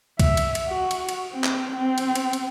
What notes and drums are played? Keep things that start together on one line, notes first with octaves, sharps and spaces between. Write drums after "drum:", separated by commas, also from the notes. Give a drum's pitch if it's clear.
E5, drum: kick C#2, cymbal
drum: cymbal
drum: cymbal
F#4
drum: cymbal
drum: cymbal
C4
drum: clap
C4
drum: cymbal
drum: cymbal
drum: cymbal